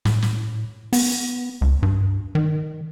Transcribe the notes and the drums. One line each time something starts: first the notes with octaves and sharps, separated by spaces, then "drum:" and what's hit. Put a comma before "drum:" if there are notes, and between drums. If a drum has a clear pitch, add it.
A2, drum: snare
drum: snare
B3, drum: open hi-hat
C#2
G2
D#3